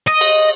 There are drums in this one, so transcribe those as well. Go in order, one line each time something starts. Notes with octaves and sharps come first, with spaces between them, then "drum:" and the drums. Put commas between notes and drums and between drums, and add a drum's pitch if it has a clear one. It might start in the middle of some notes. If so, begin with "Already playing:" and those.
D#5
drum: cymbal